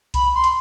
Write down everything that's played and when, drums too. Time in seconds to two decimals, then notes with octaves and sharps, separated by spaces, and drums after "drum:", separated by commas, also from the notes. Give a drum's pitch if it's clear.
0.14 B5, drum: kick B1, hi-hat
0.34 C6
0.44 drum: hi-hat